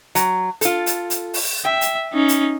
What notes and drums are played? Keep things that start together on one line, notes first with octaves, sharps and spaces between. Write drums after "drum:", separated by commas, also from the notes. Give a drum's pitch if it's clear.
F#3, drum: hi-hat
F4 A4, drum: hi-hat
drum: hi-hat
drum: hi-hat
drum: open hi-hat
E5 G5
drum: hi-hat
C#4 D#4
drum: hi-hat